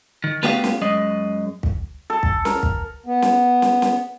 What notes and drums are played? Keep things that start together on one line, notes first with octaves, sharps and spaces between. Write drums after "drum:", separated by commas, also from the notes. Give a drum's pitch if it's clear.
D#3
A3 B3 F#4 G4 D5 F5, drum: snare
drum: snare
F#2 G#3 D#5
drum: kick
A4
drum: kick
A#4, drum: snare
drum: kick
B3
drum: snare
drum: snare
drum: snare